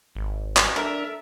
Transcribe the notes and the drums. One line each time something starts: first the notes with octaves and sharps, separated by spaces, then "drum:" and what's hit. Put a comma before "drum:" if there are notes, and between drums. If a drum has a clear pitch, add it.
G#1
drum: clap
D4 A4 A#4 E5